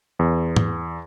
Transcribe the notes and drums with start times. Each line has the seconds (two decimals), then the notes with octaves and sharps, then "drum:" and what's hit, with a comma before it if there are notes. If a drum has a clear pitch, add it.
0.19 E2
0.56 drum: tom G#2